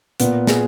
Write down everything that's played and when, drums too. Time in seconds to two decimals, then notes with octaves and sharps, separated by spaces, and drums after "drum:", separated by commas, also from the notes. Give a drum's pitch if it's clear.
0.20 A#2 B3, drum: hi-hat
0.47 G#4, drum: snare